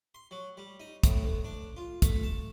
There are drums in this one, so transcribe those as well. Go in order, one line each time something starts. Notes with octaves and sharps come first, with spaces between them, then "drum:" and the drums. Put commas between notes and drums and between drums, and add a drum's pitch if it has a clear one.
C6
F#3
G3
D#4
A2, drum: kick, hi-hat
D2
D4
F4
A3, drum: kick, hi-hat
A5